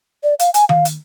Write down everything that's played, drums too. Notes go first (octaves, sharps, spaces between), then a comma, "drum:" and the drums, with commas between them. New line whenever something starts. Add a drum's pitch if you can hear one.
D5
F5, drum: hi-hat
G#5, drum: hi-hat
F5, drum: tom D#3
drum: hi-hat